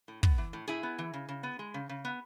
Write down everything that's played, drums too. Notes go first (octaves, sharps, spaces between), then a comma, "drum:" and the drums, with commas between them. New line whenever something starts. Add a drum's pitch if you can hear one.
A2
B3, drum: kick
E3
A2
A2 E4 G#4
B3
E3
C#3
C#3
B3
G#3
C#3
C#3
B3